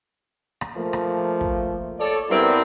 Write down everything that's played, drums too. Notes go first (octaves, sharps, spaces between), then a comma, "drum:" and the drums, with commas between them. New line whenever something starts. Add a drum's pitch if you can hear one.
drum: rim click
F3 A3 A#3
drum: rim click
drum: kick
A4 C#5 D5
G2 G3 B3 C4 E4 A#4